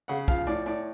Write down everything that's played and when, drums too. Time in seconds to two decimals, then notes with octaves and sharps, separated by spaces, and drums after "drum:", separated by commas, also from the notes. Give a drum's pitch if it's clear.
0.08 C#3 F#5
0.28 F3 F5, drum: kick
0.47 A2 D5
0.66 A2 D5